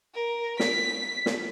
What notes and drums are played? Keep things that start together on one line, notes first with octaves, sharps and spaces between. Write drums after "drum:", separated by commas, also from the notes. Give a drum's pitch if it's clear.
A#4
B6, drum: snare
drum: snare